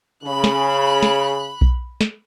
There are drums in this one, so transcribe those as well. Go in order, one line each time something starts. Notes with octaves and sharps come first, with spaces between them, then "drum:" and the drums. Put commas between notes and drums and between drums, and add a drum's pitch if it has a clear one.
C#3 B5 F#6
drum: snare
drum: snare
drum: kick B1
drum: snare